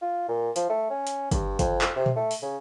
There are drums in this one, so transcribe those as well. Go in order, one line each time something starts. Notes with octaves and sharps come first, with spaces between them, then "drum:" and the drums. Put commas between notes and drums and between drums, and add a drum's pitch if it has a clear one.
F4
A#2
F3, drum: hi-hat
A3
C#4
drum: hi-hat
G2, drum: kick, hi-hat
F2, drum: kick, hi-hat
drum: clap
C3
drum: tom A#2
A3
drum: open hi-hat
C#3